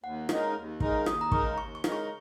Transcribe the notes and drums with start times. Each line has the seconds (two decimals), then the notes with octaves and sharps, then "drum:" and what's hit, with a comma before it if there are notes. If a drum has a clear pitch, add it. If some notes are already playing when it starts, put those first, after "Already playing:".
0.04 D#2 F#5
0.29 C#3 G#3 D#4 A#4, drum: rim click
0.55 D#2
0.80 C#3 G#3 D#4 A#4, drum: kick
1.06 D#2 D#6, drum: rim click
1.21 A#5
1.32 C#3 G#3 D#4 A#4 C#6, drum: kick
1.57 D#2 C#6
1.75 C#6
1.84 C#3 G#3 D#4 A#4, drum: rim click
1.92 C#6